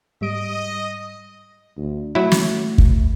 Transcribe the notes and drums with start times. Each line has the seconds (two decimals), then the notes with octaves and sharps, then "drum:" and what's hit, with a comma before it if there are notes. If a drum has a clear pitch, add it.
0.21 G#2 G3 D#5 D7
1.77 D2
2.15 F#3 A3 E4
2.32 drum: snare
2.78 drum: kick